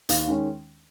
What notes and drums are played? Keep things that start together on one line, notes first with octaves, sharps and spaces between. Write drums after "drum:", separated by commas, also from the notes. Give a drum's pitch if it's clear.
D#2 F5, drum: hi-hat
D#3 G#3 C#4